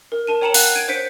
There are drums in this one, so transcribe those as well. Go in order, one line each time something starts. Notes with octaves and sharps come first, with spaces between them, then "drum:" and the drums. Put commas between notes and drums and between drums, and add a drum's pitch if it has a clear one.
A#4
A#4 A5 D#7
C#5 G5 A#5 C#7 E7 F#7
F5 F#5 F#6, drum: open hi-hat
G#6 D7 D#7
C5 C#5 G6 B6 C#7 D7